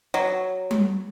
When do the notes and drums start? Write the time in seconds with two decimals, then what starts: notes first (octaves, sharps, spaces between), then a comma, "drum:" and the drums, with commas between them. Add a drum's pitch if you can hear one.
0.14 F#3
0.71 drum: tom G3